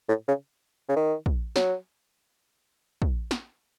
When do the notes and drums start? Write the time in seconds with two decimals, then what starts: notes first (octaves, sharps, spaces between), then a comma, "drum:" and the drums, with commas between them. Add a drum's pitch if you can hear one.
0.09 A2
0.28 C#3
0.89 C#3
0.96 D#3
1.26 drum: kick
1.56 F#3, drum: snare
3.02 drum: kick
3.31 drum: snare